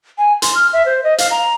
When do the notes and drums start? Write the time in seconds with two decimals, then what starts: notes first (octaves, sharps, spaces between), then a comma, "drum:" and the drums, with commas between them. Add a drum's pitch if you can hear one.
0.18 G#5
0.42 C6, drum: hi-hat
0.55 F6
0.73 E5
0.86 C5
1.04 D#5
1.18 F5, drum: hi-hat
1.31 A#5